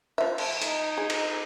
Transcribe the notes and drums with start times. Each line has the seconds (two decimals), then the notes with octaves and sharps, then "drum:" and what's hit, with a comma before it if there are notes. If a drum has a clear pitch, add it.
0.18 F3 E5
0.38 drum: cymbal
0.62 D#4, drum: hi-hat
0.98 G#4
1.10 drum: cymbal